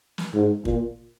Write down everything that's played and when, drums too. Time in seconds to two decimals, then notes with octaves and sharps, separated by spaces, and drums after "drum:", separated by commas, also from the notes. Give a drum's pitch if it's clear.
0.18 drum: snare
0.34 G#2
0.65 A#2, drum: kick